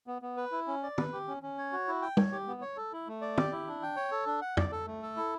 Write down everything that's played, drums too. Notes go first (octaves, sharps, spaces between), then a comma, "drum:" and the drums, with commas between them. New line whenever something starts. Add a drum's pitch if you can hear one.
B3
B3
B4
E4
C#4
D5
B4, drum: tom
G4
C#4
C#4
C#5
F#4
E4
G5
C#5, drum: tom
G4
B3
C#5
A4
E4
A3
D5
G4, drum: tom
E4
D4
G5
C#5
A4
D4
F#5
D5, drum: tom
A4
A3
A4
E4